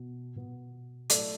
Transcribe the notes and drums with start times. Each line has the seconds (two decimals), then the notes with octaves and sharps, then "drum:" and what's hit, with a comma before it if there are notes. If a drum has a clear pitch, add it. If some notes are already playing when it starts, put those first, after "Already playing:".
Already playing: B2 B3
0.36 B2 B3
1.10 A2 F#3 A3 A4 D5, drum: hi-hat